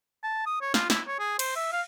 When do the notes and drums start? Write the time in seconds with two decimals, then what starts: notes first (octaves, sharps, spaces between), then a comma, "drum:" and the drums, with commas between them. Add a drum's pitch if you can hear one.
0.24 A5
0.46 D#6
0.62 C#5
0.74 F4, drum: snare
0.90 E4, drum: snare
1.07 C#5
1.20 G#4
1.39 C5, drum: cymbal
1.56 E5
1.72 F5